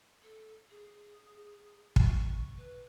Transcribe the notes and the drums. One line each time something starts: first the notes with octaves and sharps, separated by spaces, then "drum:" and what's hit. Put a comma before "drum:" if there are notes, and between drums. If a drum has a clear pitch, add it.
A4
G#4
drum: kick
C#6
B4